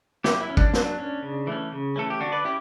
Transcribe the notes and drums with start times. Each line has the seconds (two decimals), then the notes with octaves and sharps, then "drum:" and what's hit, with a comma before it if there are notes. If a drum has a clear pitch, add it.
0.24 F#3 E4 G4, drum: snare
0.41 E4
0.50 C#4
0.57 D4, drum: kick
0.73 F#3, drum: snare
0.98 C#4
1.23 C#3
1.47 E3 A3 C#4
1.72 C#3
1.96 E3 A3 C#4 A4
2.10 G4
2.20 D3 D4 F#4
2.32 B4 D5
2.44 C#4 E4 G4